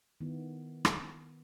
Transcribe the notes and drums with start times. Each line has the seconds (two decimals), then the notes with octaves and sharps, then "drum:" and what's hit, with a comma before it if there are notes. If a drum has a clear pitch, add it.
0.21 D#3 B3 E4
0.85 drum: rim click